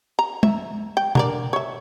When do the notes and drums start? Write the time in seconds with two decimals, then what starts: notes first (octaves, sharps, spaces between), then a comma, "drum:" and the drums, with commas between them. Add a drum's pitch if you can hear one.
0.19 A#5
0.43 E5, drum: tom
0.97 G5
1.15 D3 A#4 D5, drum: tom B2
1.53 C#5 E5